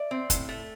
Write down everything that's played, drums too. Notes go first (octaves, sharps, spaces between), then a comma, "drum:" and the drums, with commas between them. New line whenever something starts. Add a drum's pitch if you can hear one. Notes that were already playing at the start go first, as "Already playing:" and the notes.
Already playing: D5 E5
C4
A2, drum: kick, hi-hat
A3